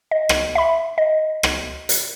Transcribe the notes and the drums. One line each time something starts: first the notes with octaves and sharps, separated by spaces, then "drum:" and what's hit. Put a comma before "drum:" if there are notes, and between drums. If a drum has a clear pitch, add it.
D#5
drum: rim click
E5 B5
D#5
drum: rim click
drum: hi-hat